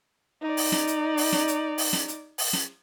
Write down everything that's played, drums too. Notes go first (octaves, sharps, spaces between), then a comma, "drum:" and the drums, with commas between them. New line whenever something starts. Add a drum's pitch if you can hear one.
D#4 D5
drum: open hi-hat
drum: snare
drum: hi-hat
drum: open hi-hat
drum: snare
drum: hi-hat
drum: open hi-hat
drum: snare
drum: hi-hat
drum: open hi-hat
drum: snare